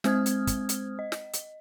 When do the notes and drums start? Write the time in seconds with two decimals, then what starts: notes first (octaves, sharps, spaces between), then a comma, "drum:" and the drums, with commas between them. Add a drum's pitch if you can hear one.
0.04 G#3 C4 C5 D#6 F6 G#6, drum: snare
0.26 drum: hi-hat
0.47 drum: kick, hi-hat
0.69 drum: hi-hat
0.99 D#5
1.12 drum: snare
1.33 drum: hi-hat